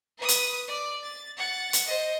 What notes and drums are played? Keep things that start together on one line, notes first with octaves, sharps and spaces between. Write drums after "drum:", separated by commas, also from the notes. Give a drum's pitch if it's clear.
B4 D#6
drum: hi-hat
D5
A6
F#5 A6
drum: hi-hat
C5 D#5